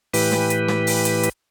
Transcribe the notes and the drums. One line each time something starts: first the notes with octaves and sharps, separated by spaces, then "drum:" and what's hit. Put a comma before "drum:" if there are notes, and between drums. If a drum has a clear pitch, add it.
A2 E3 G4 B4, drum: open hi-hat
drum: snare
drum: hi-hat
drum: snare
drum: open hi-hat
drum: hi-hat
drum: hi-hat